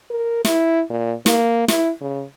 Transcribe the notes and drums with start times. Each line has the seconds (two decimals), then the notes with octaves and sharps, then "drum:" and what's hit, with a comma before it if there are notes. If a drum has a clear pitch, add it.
0.10 A#4
0.45 E4, drum: snare
0.90 A#2
1.26 A#3, drum: snare
1.68 E4, drum: snare
2.01 C#3